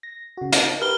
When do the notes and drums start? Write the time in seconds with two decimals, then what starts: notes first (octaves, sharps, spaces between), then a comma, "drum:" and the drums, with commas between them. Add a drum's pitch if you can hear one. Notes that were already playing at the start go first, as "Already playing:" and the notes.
0.03 A#6
0.37 C#3 F#4
0.52 F#5 A5, drum: hi-hat
0.82 G4 A#4 B4 F6 G7